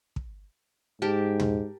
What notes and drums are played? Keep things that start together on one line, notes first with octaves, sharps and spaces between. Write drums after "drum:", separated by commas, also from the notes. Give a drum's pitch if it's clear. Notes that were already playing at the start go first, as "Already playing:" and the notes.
drum: kick
G#2 G4 A#4 A5
drum: tom